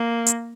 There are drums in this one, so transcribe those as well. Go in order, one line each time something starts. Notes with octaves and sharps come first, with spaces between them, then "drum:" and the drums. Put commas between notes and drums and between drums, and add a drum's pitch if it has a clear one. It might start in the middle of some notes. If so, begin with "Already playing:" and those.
Already playing: A#3
drum: hi-hat